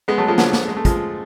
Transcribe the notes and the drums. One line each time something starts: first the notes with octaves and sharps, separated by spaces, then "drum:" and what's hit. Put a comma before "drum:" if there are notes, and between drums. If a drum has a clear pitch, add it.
G#3 B3
F#3 A3
F3 G#3
D3 F#3, drum: snare
drum: snare
G#3
A3
F3 G#3, drum: kick, hi-hat